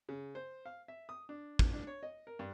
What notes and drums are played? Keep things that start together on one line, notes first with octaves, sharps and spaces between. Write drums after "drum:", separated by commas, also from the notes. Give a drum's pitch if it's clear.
C#3
C5
F5
E5
D#6
D4
drum: kick
D4
C#5
D#5
A#4
G2